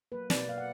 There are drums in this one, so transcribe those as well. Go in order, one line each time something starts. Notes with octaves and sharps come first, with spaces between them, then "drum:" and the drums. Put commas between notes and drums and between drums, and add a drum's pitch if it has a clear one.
F#3 A#3 B4
B2 D5, drum: snare
A#3 F5
F#5